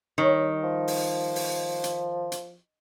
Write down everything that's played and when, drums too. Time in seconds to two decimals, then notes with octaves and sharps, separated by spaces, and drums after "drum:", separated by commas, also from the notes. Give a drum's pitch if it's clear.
0.18 D#3 G3 C#5
0.64 F3
0.88 drum: open hi-hat
1.36 drum: open hi-hat
1.84 drum: hi-hat
2.32 drum: hi-hat